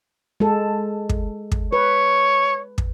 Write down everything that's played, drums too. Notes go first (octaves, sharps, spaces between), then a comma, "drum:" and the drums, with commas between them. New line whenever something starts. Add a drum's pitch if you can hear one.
G#3 A4
drum: kick
drum: kick
B4 C#5
drum: kick